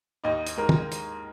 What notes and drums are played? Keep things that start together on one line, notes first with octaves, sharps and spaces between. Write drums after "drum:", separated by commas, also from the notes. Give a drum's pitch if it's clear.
D#2 D#4 D#5
drum: hi-hat
G#3 A#4
drum: tom
drum: hi-hat